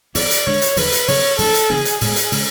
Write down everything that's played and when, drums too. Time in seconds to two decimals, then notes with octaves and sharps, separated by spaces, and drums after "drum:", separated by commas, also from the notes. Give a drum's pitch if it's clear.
0.15 F#2 E3 B3 D5, drum: open hi-hat
0.31 drum: hi-hat
0.46 D3 G#3 D4 C#5
0.61 drum: hi-hat
0.76 E2 D3 F#3 B4, drum: open hi-hat
0.92 drum: hi-hat
1.08 C#3 F#3 B3 C#5, drum: open hi-hat
1.38 F#2 E3 A3 D4 A4, drum: open hi-hat
1.54 drum: hi-hat
1.70 C#3 E3 B3 D4 G#4
1.85 drum: hi-hat
2.01 A2 G#3 B3 G#4, drum: open hi-hat
2.16 drum: hi-hat
2.32 C#3 G#3 C#4, drum: open hi-hat